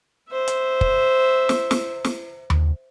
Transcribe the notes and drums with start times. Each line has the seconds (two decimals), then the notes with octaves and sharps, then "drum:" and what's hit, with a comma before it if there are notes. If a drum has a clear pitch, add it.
0.30 C5 E5
0.48 drum: hi-hat
0.81 drum: kick
1.49 drum: snare
1.71 drum: snare
2.04 drum: snare
2.50 drum: tom D#2